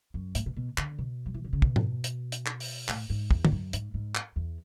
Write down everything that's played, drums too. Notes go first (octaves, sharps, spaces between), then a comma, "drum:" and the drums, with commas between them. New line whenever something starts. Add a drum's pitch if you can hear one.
F#2
A2, drum: hi-hat
B2
B2
D3, drum: clap
B2
F#3
E3
D3
C#3
B2, drum: kick
drum: tom G#2
drum: hi-hat
drum: hi-hat
drum: clap
drum: open hi-hat
A2, drum: clap
G#2
E2, drum: kick
G#2, drum: tom
F#2
G#2, drum: hi-hat
G#2
drum: clap
E2